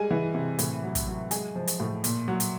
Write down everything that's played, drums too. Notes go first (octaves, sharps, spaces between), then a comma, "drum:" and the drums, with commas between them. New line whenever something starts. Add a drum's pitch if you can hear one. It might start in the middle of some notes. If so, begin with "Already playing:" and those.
Already playing: G3 G#3 G#4 G#5
E3
C3
A2, drum: hi-hat
F#3
drum: kick, hi-hat
F#3
G#3 G#4 G#5, drum: hi-hat
F3
drum: hi-hat
A2
A#2, drum: hi-hat
F#3
drum: hi-hat